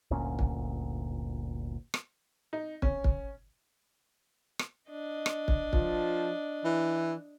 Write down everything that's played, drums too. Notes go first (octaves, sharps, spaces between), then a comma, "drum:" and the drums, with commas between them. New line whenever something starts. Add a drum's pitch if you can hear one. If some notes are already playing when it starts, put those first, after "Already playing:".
G1 D2 A#2 C#4
drum: kick
drum: rim click
D#4
C#4, drum: kick
drum: kick
drum: rim click
D4 D#5
drum: rim click
drum: kick
F3, drum: kick
E3